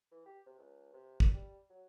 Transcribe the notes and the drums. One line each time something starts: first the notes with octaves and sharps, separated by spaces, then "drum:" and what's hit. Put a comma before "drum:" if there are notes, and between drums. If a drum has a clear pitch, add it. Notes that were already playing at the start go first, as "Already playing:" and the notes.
E3
G4
C3
C#2
C3
A#2, drum: kick
G3
F#3